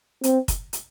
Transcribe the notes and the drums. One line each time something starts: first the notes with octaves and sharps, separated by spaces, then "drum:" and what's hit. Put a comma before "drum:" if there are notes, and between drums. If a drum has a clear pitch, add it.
C4, drum: hi-hat
drum: kick, hi-hat
drum: hi-hat